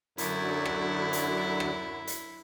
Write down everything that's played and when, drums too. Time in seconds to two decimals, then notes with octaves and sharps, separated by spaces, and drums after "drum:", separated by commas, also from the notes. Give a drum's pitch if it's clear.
0.18 F#2 D3 F#3 E4, drum: hi-hat
0.66 drum: rim click
1.13 drum: hi-hat
1.60 drum: rim click
2.07 drum: hi-hat